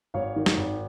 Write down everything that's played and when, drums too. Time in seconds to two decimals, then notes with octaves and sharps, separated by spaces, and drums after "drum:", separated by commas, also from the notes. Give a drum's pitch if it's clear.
0.14 G#1 C#5 F5
0.36 D#3
0.46 drum: snare
0.57 G#1